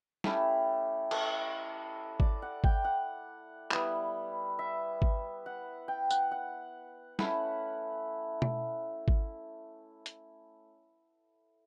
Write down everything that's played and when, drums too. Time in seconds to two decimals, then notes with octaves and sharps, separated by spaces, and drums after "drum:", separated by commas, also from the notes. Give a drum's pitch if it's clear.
0.24 A3 C#4 E4 G4, drum: snare
1.11 A4, drum: cymbal
2.20 D5, drum: kick G#1
2.42 F#5
2.64 G5, drum: kick G#1
2.84 F#5
3.71 G3 B3 E4, drum: clap
4.59 E5
5.02 drum: kick G#1
5.46 F#5
5.88 G5
6.10 F#5, drum: tambourine
6.31 F#5
7.19 A3 C#4 E4 F#5, drum: snare
8.42 drum: tom B2
9.08 drum: kick G#1
10.06 drum: hi-hat